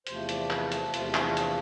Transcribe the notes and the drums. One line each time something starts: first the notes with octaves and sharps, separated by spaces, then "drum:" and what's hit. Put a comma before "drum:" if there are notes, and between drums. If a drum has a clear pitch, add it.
E2 C3 F3 A3 C5, drum: hi-hat
D5, drum: hi-hat
B4, drum: clap
A4, drum: hi-hat
E2 C3 F3 A3 F4, drum: hi-hat
C4, drum: clap
D4
drum: hi-hat